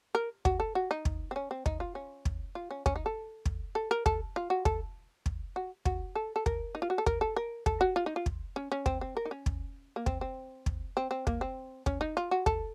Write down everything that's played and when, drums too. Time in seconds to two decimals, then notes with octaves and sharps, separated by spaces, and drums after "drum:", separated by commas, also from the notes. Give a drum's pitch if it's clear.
0.15 A#4
0.45 F#4, drum: kick
0.60 A4
0.75 F#4
0.91 D#4
1.05 drum: kick
1.31 C4
1.36 C#4
1.51 C4
1.66 D#4, drum: kick
1.80 F4
1.95 C#4
2.25 drum: kick
2.55 F4
2.71 C#4
2.86 C#4, drum: kick
2.96 D#4
3.06 A4
3.45 drum: kick
3.75 A4
3.91 A#4
4.06 A4, drum: kick
4.36 F4
4.50 F#4
4.65 A4, drum: kick
5.26 drum: kick
5.56 F#4
5.85 F#4, drum: kick
6.15 A4
6.36 A4
6.46 A#4, drum: kick
6.75 D#4
6.82 F4
6.90 F#4
6.98 A4
7.06 A#4, drum: kick
7.21 A4
7.36 A#4
7.66 A4, drum: kick
7.81 F#4
7.96 F4
8.06 D#4
8.16 F4
8.26 drum: kick
8.56 C#4
8.72 C#4
8.86 C4, drum: kick
9.01 C4
9.17 A#4
9.25 D#4
9.31 C#4
9.46 drum: kick
9.96 A#3
10.06 C4, drum: kick
10.21 C4
10.66 drum: kick
10.97 C4
11.11 C4
11.27 A#3, drum: kick
11.41 C4
11.86 C#4, drum: kick
12.01 D#4
12.17 F4
12.31 F#4
12.46 A4, drum: kick